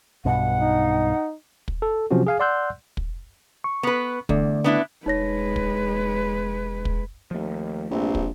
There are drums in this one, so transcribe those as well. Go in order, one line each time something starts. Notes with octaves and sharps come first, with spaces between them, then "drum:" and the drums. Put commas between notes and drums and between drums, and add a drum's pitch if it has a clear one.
B1 G2 B2 F#5
D#4
drum: kick
A4
C3 F3 F#3 C#4 F#4
G#4 F5 G#5
D5 F#5 C6 E6 F#6 G6
drum: kick
C#6
B3 B4
E2 D3 A3 D5, drum: kick
B3 D4 E4
E1 G#3 D#4 B4 C#5 A#6
drum: kick
drum: kick
D#2 F3 A3
A#1 G2 C3 C4
drum: kick